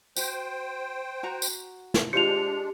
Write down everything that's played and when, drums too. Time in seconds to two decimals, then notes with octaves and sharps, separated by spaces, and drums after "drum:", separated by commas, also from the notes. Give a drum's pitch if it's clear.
0.17 F#4 C5 G5, drum: tambourine
1.23 F#4 F#5 A#5
1.42 drum: tambourine
1.94 drum: snare
2.13 G#3 D4 F4 G4 C5 C#7 F7